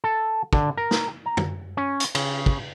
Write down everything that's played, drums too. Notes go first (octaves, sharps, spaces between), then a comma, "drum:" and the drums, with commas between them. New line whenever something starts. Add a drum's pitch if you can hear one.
A4
D3, drum: kick
A#4
drum: snare
A#5
drum: tom
C#4
drum: hi-hat
C#3, drum: cymbal
drum: kick